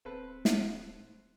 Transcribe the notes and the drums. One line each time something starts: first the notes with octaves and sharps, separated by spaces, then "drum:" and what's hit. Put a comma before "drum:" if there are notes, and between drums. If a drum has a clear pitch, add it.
D1 C4 A4 B4
drum: snare